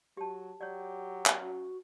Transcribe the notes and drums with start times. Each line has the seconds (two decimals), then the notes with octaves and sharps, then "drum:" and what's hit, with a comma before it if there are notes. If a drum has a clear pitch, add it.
0.17 F#3 G4 A5
0.61 F#3 G4 C#5 D5
1.26 drum: clap
1.41 C#4 F#4